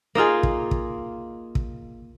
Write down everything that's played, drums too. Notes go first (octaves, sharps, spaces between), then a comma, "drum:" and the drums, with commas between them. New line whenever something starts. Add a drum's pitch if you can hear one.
A#3 D#4 F4 G#4
drum: kick
drum: kick
drum: kick